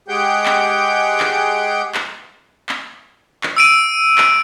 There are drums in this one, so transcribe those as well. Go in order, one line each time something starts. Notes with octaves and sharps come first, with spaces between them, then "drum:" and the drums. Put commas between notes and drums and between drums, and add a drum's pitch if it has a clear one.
G#3 G4 G#4 F#5 G5 G6
drum: clap
drum: clap
drum: clap
drum: clap
drum: clap
E6 D7 D#7
drum: clap